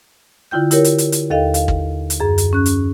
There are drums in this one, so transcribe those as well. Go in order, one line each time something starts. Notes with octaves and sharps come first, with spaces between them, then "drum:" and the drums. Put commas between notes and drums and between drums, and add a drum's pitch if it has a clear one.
D3 E4 F4 G5 G6
E4 G4 A#4 C#5, drum: hi-hat
drum: hi-hat
drum: hi-hat
drum: hi-hat
D#2 A4 D#5 F5 G5
F5, drum: hi-hat
drum: kick
drum: hi-hat
F#2 G#4
drum: hi-hat
C#4 F#6
drum: hi-hat